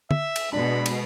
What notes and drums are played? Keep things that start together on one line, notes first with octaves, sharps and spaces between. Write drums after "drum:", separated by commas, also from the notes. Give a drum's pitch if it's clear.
E5, drum: tom
drum: cymbal
B2 G#3 D4 B5
drum: cymbal